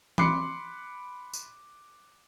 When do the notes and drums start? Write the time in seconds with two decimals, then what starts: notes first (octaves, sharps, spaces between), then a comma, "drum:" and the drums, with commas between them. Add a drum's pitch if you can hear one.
0.18 B5 C6 D6 F#6 C7 C#7, drum: tom E3
1.33 drum: tambourine